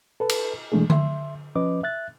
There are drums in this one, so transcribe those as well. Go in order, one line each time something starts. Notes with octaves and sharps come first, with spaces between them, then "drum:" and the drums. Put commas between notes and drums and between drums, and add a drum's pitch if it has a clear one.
A4 B4 A5
drum: cymbal
B2 E3 G#3 A3 D4 G#4
E5 C6, drum: tom D3
F3 C#4 B4 D#5 D6
E5 F#6 A6